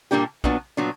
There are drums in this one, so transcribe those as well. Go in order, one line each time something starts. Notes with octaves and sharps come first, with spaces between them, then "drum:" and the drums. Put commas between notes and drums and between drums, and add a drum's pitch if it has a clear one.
A#2 G3 A#3 D4 G4
A#2 F#3 B3 D4, drum: kick
A#2 F#3 B3 D4